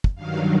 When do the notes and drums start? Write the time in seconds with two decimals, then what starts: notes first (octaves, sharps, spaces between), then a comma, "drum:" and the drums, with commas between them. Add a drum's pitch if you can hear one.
0.04 drum: kick
0.15 G2 D#3 F#3 F5